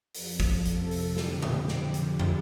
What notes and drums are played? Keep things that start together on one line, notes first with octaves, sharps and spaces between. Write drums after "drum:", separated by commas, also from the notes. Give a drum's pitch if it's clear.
F2 F3, drum: open hi-hat
drum: kick
F2 C3 F3 A4, drum: hi-hat
drum: open hi-hat
F2 D3 F3 G4, drum: snare
drum: tom B2
drum: snare
drum: hi-hat
drum: tom